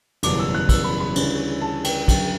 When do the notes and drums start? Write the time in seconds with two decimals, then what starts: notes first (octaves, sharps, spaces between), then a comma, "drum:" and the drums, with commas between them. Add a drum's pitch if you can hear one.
0.23 F#1 E2 B2 G3 C#4 D6, drum: cymbal
0.39 E6
0.55 F#6
0.69 E6, drum: kick, cymbal
0.84 B5
1.00 B5
1.16 D2 C#3 E3 G3 C#4, drum: cymbal
1.61 A5
1.84 G5, drum: cymbal
2.08 G1 F#2 C#3 F#3 G5, drum: kick, cymbal